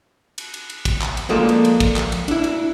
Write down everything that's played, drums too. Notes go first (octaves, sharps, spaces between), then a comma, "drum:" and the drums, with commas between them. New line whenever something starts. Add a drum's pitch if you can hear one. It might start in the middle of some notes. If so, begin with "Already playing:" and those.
drum: cymbal
drum: cymbal
drum: cymbal
drum: kick, cymbal
drum: clap
drum: cymbal
F3 G#3 A#3 A4 D5
drum: cymbal
drum: cymbal
drum: kick, cymbal
drum: clap
drum: cymbal
D4 E4, drum: cymbal
drum: cymbal